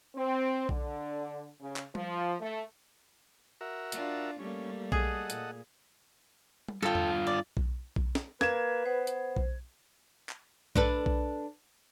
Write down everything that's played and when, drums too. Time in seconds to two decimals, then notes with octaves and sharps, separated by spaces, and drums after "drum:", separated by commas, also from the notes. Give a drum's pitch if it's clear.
0.15 C4
0.69 D3, drum: kick B1
1.61 C#3
1.76 drum: clap
1.95 F3, drum: tom G3
2.40 A3
3.61 F#4 A#4 E5
3.92 D4 F4, drum: hi-hat
4.39 G3 A3 A#3 C#4
4.92 G#4 A4 D#5 F#5, drum: kick B1
5.30 A#2, drum: hi-hat
6.68 drum: tom G3
6.82 G2 F4 A4 G5
6.95 drum: tom E2
7.27 D5
7.57 drum: kick B1
7.96 drum: kick B1
8.15 drum: snare
8.41 A#3 B4 G#6 E7, drum: snare
8.86 B3 C5
9.07 drum: hi-hat
9.36 drum: kick B1
10.29 drum: clap
10.76 D4 A4 B4, drum: kick B1
11.06 drum: kick B1